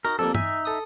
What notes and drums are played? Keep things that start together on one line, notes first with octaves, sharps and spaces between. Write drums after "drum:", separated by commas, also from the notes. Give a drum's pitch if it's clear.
D#4 F#4 A#4
F2 G3 A#3 A4
D#4 E5 G#5, drum: tom G2
A4 D#6